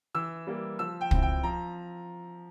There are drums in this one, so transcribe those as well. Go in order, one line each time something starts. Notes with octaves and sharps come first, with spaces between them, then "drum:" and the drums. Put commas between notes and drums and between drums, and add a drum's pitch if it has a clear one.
E3 E6
G3 A#3
F3 E6
G5
C4 E4, drum: kick
G5
F3 A#5